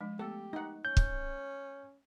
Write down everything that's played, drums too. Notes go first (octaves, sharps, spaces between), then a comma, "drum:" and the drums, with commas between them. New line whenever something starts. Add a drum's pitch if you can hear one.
F3 G#3 D4
A3 B3 G4 A4
D#4 F#5
C#4 G6
drum: kick